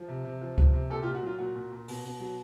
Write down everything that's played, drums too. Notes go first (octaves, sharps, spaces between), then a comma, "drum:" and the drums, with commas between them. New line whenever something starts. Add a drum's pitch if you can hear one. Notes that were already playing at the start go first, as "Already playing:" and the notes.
Already playing: F3
C3
C3
F3
C3, drum: kick C#2
C3
A#2 G4 A4
F4 G4
A#2
F#4
F#3 F4
A#2 F#4
A#2
A#2
B2, drum: open hi-hat
B2
F#3